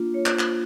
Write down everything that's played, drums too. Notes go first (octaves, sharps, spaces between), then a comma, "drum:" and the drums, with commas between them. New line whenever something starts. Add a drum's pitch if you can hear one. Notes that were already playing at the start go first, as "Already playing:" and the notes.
Already playing: A#3 D4 F4
C#5
C5, drum: clap
drum: clap